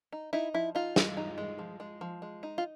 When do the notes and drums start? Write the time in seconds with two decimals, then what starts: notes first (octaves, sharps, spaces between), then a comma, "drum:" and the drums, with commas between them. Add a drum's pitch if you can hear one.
0.12 D#4
0.33 D#4 E4
0.54 F3 E4
0.75 D#4 F4
0.96 G#3, drum: snare
1.17 D#4
1.38 G#3
1.59 F3
1.80 G#3
2.01 F3
2.22 G#3
2.43 D#4
2.58 F4